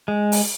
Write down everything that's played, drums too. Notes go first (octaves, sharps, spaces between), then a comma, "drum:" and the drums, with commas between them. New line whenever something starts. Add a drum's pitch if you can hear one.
G#3
drum: open hi-hat